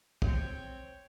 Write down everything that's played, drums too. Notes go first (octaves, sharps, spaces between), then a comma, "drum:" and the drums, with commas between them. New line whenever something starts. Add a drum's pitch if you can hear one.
C4 C#5 G5, drum: kick